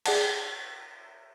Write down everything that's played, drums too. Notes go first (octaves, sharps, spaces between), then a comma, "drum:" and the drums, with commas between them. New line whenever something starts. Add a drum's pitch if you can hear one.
G#4 D5 F#5 A5, drum: cymbal